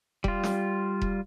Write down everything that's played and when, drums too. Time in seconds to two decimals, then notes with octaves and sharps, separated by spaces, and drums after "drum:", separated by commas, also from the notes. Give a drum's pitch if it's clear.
0.24 G3 F4, drum: kick E1
0.43 drum: snare
1.02 drum: kick E1